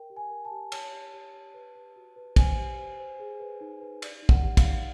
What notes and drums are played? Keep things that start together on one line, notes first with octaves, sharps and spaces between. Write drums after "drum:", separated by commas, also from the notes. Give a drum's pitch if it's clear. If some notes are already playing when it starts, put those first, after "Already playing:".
Already playing: A#4 G5
G4
G#5
A#4
A5
G4
C#5 A5, drum: cymbal
G4
G4
G4
B4
B4
F#4
B4
C5 G#5, drum: kick, cymbal
G4
C5
C5
G#4
B4
D#4
B4
D5, drum: cymbal
D#4
F#5, drum: kick
G4
F5, drum: kick, cymbal
D#4